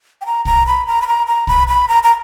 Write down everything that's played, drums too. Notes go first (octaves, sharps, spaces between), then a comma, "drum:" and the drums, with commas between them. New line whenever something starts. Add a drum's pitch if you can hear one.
G5
A#5
A#5, drum: kick
B5
A#5
B5
A#5
A#5
B5, drum: kick
B5
A#5
A#5